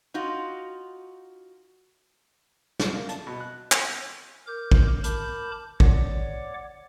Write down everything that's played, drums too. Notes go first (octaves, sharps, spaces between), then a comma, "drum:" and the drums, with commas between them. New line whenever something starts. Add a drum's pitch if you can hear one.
D#4 F4 F#4
A3, drum: snare
A#3
A5, drum: hi-hat
B2
F#6
drum: clap
A#4 D6 G6
drum: kick
A#4 A5 B5 D6 G6, drum: hi-hat
C#5 D5 F#5 D6, drum: kick